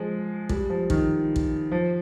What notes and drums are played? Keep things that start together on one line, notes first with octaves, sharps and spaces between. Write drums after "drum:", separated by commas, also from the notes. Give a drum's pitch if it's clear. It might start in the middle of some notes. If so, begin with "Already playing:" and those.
Already playing: F3 G#3
G3, drum: kick
F3
D#3, drum: kick
drum: kick
F3